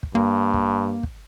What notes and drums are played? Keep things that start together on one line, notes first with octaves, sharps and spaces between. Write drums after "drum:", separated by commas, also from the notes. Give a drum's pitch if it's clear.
drum: kick
G2 A#3
drum: kick
drum: kick